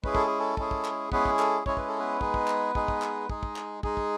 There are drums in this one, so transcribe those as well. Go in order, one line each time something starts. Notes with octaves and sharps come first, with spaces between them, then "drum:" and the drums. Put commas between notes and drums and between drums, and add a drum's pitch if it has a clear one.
G#3 C#4 E4 G#4 B4, drum: kick
A4, drum: kick
G#4
A4
G#3 C#4 E4 G#4, drum: kick
drum: kick
drum: clap
G#3 B3 C#4 E4 G#4 B4, drum: kick
drum: kick
A4, drum: clap
G#3 C#4 E4 G#4 C#5, drum: kick
B4, drum: kick
A4
B3 B4
G#3 D#4 G#4, drum: kick
drum: kick
drum: clap
G#3 D#4 G#4, drum: kick
drum: kick
drum: clap
G#3 D#4 G#4, drum: kick
drum: kick
drum: clap
G#3 D#4 G#4, drum: kick
drum: kick